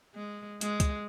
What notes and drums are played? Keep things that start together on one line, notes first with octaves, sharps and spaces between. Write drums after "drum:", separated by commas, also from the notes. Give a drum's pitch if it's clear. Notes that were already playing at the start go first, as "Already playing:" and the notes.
G#3
G#3, drum: hi-hat
drum: kick C2, hi-hat